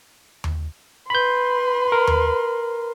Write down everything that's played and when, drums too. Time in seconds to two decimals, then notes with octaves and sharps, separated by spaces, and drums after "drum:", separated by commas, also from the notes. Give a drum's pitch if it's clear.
0.44 drum: tom D#2
1.10 B4 B5 C6 G6
1.92 A#4
2.07 drum: tom D#2